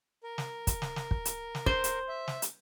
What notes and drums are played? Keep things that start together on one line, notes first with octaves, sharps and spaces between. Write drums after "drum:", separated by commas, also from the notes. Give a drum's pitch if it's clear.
A#4
drum: snare
drum: kick, hi-hat
drum: snare
drum: snare
drum: kick
drum: hi-hat
drum: snare
C5, drum: kick
drum: hi-hat
E5
drum: snare
drum: hi-hat